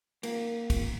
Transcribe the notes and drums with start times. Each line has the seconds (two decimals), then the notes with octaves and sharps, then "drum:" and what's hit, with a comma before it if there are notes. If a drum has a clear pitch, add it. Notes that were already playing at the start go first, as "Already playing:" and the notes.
0.23 A#3, drum: cymbal
0.70 drum: kick, cymbal